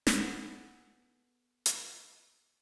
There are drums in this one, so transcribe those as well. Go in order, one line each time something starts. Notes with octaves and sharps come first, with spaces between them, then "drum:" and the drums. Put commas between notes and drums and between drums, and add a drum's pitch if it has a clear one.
drum: snare
B3 G#4 A4 B4
drum: hi-hat